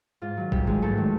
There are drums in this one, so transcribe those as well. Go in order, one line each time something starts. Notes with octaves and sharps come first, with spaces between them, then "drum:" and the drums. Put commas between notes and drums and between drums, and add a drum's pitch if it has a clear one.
G#2 F4
D#3 F#3
G#2 G3 G4, drum: kick G#1
D#3 F#3 G#3 G#4
G#2 A3 A4
D#3 F#3